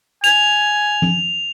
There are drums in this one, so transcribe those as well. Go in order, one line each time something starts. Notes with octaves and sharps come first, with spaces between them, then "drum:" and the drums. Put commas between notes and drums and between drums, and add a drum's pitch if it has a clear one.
G#5 F7, drum: hi-hat
drum: tom F3